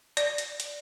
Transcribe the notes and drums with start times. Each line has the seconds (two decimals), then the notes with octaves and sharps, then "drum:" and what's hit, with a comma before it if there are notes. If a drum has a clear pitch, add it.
0.17 D5, drum: hi-hat
0.38 drum: hi-hat
0.60 drum: hi-hat